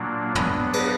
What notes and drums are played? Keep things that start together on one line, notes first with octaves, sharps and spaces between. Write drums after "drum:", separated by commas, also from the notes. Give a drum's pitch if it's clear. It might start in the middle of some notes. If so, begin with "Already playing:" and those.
Already playing: A#2 F#3 A#3 D4
F#3 B3 D4 G#5, drum: tom
drum: cymbal